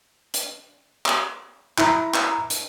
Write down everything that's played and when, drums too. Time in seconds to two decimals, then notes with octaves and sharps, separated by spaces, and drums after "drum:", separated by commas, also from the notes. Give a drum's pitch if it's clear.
0.34 drum: hi-hat
1.06 drum: clap
1.78 E4 A#5, drum: clap
2.14 drum: clap
2.50 drum: hi-hat